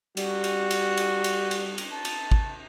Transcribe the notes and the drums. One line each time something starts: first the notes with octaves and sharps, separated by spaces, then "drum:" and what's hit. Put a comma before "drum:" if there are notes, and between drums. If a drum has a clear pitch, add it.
G3 F#4, drum: cymbal
drum: cymbal
drum: cymbal
drum: cymbal
drum: cymbal
drum: cymbal
drum: cymbal
A5
drum: cymbal
drum: kick